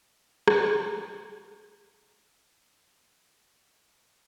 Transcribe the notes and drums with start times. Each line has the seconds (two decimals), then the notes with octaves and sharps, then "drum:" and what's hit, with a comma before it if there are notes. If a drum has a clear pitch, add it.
0.48 drum: rim click
0.61 F3 A#3 D#4 A#4
3.56 E7
3.72 A#6